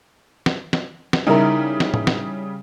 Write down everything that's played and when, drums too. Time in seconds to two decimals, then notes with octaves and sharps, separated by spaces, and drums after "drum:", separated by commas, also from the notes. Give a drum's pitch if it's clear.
0.46 drum: snare
0.73 drum: snare
1.13 drum: snare
1.27 C#3 G3 D#4 E4 A#4
1.80 drum: snare
1.94 drum: tom A2
2.07 drum: snare